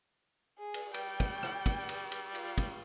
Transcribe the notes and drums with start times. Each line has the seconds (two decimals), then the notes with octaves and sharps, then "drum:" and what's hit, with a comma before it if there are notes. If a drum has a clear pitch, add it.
0.59 G#4
0.74 drum: cymbal
0.94 G3 G5, drum: cymbal
1.20 drum: kick, cymbal
1.43 drum: rim click
1.66 drum: kick, cymbal
1.89 drum: cymbal
2.12 drum: cymbal
2.35 F4, drum: cymbal
2.58 drum: kick, cymbal